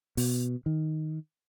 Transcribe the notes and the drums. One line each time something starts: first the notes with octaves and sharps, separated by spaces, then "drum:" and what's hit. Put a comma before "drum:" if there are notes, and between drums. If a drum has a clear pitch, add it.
B2, drum: open hi-hat
D#3